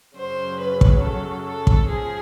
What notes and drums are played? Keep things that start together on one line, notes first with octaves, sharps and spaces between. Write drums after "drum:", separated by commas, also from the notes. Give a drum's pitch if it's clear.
F#2 C#3 F#3 C5
B4
drum: kick
A4
A4
drum: kick
G#2 F3 G#4